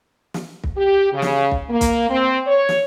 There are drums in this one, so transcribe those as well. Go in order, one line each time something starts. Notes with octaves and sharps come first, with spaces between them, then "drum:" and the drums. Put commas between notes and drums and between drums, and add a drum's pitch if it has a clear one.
drum: snare
drum: kick
G4
C#3
drum: snare
drum: kick
A#3
drum: kick, hi-hat
C4
C#5
drum: snare